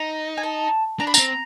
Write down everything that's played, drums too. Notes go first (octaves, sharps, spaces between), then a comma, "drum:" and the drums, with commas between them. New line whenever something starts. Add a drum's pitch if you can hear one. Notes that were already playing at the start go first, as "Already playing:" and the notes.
Already playing: D#4 A#5
G#5
A5
D4 A#5
B5
C4 A#5, drum: tambourine